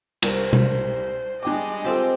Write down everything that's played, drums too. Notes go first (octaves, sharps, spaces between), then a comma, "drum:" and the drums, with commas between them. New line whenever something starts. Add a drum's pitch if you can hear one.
C2 A#4 C5, drum: cymbal
drum: tom B2
G3 G#3 D4 D#5 G5 D6
C4 F4 G4 A4